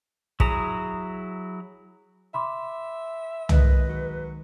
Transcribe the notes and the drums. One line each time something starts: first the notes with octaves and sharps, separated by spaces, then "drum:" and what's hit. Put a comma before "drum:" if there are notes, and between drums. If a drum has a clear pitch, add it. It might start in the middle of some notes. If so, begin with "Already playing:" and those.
F#3 E4 G#4 A#5, drum: kick
E5 B5 C6 D6
D#3 G#3 B4 D#5, drum: tom
F#3